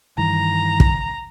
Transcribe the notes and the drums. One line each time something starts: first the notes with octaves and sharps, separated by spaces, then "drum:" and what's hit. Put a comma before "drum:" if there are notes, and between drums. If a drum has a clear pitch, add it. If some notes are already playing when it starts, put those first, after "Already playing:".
G2 D#3 E3 A#5
drum: kick